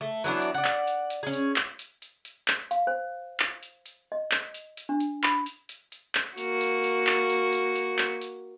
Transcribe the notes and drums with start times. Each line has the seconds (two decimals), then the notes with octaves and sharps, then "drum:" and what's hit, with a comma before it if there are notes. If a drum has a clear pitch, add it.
0.01 A3
0.24 E3 F#3 B3 D4
0.41 drum: hi-hat
0.54 D5 F#5
0.64 drum: clap
0.87 drum: hi-hat
1.10 drum: hi-hat
1.23 C#4 G#4
1.33 drum: hi-hat
1.56 drum: clap
1.79 drum: hi-hat
2.02 drum: hi-hat
2.25 drum: hi-hat
2.48 drum: clap
2.71 F5, drum: hi-hat
2.87 C5
3.40 drum: clap
3.63 drum: hi-hat
3.86 drum: hi-hat
4.12 D#5
4.31 drum: clap
4.54 drum: hi-hat
4.77 drum: hi-hat
4.89 D4
5.00 drum: hi-hat
5.23 B5, drum: clap
5.46 drum: hi-hat
5.69 drum: hi-hat
5.92 drum: hi-hat
6.15 drum: clap
6.38 A#3 F#4, drum: hi-hat
6.61 drum: hi-hat
6.84 drum: hi-hat
7.07 drum: clap
7.30 drum: hi-hat
7.53 drum: hi-hat
7.76 drum: hi-hat
7.99 drum: clap
8.21 drum: hi-hat